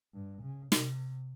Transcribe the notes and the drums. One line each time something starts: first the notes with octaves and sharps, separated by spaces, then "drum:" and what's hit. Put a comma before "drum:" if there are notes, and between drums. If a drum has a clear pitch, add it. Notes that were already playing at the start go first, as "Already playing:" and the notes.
G2
C#3
C3, drum: snare